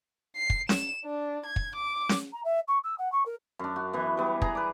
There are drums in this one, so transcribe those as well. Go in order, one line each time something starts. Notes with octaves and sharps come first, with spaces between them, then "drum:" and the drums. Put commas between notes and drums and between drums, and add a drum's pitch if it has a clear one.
C7
drum: kick
E7, drum: snare C#4
D4
G#6
drum: kick
D6
drum: snare C#4
A#5
E5
C#6
E6
F#5
C#6
A#4
F#2 D4
F#4
E3 B3
G3 B3
G#4 A#5, drum: kick
B4 D5